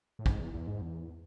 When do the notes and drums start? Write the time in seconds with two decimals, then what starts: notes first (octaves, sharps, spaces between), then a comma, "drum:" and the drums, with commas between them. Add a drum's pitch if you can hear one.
0.19 A2
0.26 G#2, drum: kick
0.40 E2
0.54 E2
0.67 G#2
0.81 E2